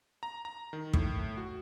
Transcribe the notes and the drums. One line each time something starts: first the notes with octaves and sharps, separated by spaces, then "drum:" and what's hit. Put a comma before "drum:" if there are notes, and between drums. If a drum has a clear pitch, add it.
A#5
A#5
D#3
A2, drum: kick
F#4